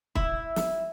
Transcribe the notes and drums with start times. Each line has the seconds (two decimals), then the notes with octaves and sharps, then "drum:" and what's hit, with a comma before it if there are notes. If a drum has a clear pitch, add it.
0.15 E4, drum: kick
0.56 drum: snare